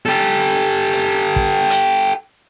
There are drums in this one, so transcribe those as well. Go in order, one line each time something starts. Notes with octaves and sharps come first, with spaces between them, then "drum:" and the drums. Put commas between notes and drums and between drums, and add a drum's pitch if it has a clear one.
G4 A4
drum: open hi-hat
drum: kick
drum: hi-hat